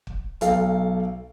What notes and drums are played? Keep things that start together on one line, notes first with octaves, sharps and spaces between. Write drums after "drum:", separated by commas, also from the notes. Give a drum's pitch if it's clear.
drum: kick
B1 A4 F5, drum: hi-hat